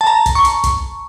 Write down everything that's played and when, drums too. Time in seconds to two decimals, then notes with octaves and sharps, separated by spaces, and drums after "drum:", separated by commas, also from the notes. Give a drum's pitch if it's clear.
0.01 A5
0.07 A#5
0.26 drum: kick, hi-hat
0.35 C#6
0.45 drum: hi-hat
0.64 drum: kick, hi-hat